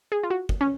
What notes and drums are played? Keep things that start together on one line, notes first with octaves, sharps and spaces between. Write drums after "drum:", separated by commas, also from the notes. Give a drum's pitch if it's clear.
G#4
F4
F#4
drum: kick
C#4